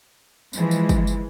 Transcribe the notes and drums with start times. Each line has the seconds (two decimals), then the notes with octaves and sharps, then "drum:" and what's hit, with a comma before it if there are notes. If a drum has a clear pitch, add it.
0.53 E3 F3 G#3, drum: tambourine
0.71 drum: tambourine
0.89 drum: kick, tambourine
1.07 drum: tambourine